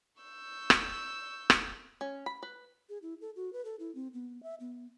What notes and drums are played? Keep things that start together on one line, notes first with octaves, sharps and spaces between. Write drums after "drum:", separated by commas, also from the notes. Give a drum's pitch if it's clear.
C#6 E6 G6
drum: rim click
drum: rim click
C#4
B5
B4
G#4
E4
A4
F#4
B4
A4
E4
C4
B3
E5
B3